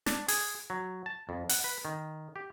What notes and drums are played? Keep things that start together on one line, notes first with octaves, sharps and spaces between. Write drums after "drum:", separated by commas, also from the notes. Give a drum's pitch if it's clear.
D4, drum: snare
G#4, drum: open hi-hat
F#3
A5
F2
F#5, drum: open hi-hat
B4
D#3
G4